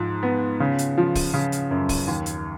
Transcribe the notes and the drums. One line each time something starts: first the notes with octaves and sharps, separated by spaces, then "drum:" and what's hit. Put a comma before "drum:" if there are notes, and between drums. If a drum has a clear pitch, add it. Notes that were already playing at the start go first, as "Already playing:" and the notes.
Already playing: G#2 F3
B3
C#3
drum: hi-hat
F3
drum: kick, open hi-hat
C#3
drum: hi-hat
F#2
drum: kick, open hi-hat
D#2
drum: hi-hat